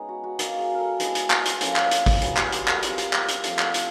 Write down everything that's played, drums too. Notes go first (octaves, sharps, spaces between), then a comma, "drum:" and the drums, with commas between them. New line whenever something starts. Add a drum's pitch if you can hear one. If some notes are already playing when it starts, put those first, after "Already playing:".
Already playing: G#3 B3 C#4 D#4 G#4
F#4
F#4
A#3 D#4 F#4, drum: hi-hat
G#4
A#4
A4
G#3 B3 E4, drum: hi-hat
drum: hi-hat
drum: clap
drum: hi-hat
F3 A#3 C#4 E4 A4, drum: hi-hat
drum: clap
drum: hi-hat
drum: kick, open hi-hat
F#3 B3 E4 G#4, drum: hi-hat
G4, drum: clap
G4, drum: hi-hat
A4, drum: clap
G3 C4 F4 A#4, drum: hi-hat
drum: hi-hat
drum: clap
drum: hi-hat
F3 A3 C4, drum: hi-hat
drum: clap
drum: hi-hat